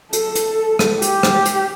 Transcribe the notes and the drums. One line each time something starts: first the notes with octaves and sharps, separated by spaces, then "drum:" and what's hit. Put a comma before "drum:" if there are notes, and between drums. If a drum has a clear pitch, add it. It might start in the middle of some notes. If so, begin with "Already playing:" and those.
A4, drum: hi-hat
drum: hi-hat
drum: rim click
G4, drum: hi-hat
drum: rim click
drum: hi-hat